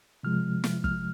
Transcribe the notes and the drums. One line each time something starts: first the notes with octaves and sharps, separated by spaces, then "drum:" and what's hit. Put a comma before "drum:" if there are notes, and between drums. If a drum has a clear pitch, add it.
C3 F3 G#3 F6
drum: snare
F6, drum: kick